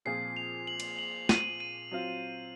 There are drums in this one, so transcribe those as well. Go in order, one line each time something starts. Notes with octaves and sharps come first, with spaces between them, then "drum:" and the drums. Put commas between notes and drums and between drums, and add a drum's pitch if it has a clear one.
A#2 F3 C4 F4 G#4 C7
F7
F#7
drum: cymbal
F#7
D#7, drum: snare
D#7
F#3 C4 F4